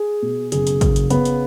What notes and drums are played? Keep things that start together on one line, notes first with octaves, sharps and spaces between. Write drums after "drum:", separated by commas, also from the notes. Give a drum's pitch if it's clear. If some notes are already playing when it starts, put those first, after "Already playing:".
Already playing: G#4
B2
F#1 G#4, drum: hi-hat
drum: hi-hat
F#1, drum: kick, hi-hat
drum: hi-hat
C#3 B3, drum: hi-hat
drum: hi-hat